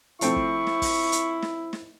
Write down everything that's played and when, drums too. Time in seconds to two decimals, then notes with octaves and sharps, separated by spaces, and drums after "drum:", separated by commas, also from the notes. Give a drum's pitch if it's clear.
0.21 F3 A3 C4 E4 C#6, drum: hi-hat
0.36 drum: kick
0.67 drum: snare
0.82 drum: kick, open hi-hat
1.12 drum: hi-hat
1.42 drum: snare
1.73 drum: snare